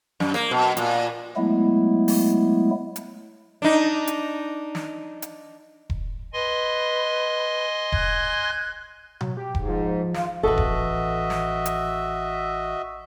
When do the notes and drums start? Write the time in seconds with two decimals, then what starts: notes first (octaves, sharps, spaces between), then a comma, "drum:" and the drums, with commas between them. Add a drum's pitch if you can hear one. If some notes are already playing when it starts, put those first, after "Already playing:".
0.20 F#2, drum: snare
0.34 A#3, drum: rim click
0.51 B2
0.77 A#2, drum: hi-hat
1.36 F#3 G#3 A3 B3 E4
2.08 drum: open hi-hat
2.96 drum: hi-hat
3.62 D4 D#4
4.07 drum: hi-hat
4.75 drum: snare
5.22 drum: hi-hat
5.90 drum: kick E1
6.33 B4 D#5 G#5 C6
7.92 F#6 G#6, drum: kick E1
9.21 F#3, drum: tom B2
9.37 G4
9.55 G#2, drum: kick E1
9.68 F3
10.14 F4, drum: snare
10.43 A1 E3 F#4 A4 B4 D#5 E5
10.58 drum: kick E1
11.30 drum: snare
11.66 drum: hi-hat